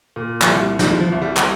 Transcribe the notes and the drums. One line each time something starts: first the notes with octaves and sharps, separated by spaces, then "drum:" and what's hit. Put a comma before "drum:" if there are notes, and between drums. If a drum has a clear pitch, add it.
A#2
F3, drum: clap
C2 G3
F3 G3, drum: snare
F3
C2
G3
G3, drum: clap